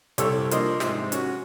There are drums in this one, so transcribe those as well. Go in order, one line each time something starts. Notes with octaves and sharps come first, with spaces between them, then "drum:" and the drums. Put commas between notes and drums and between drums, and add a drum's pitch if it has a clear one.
C2 G3 A4 C#5 E6, drum: hi-hat
F3 A#3 D4 C5 D#5, drum: hi-hat
G#2 C3, drum: snare
C#4 F#4, drum: hi-hat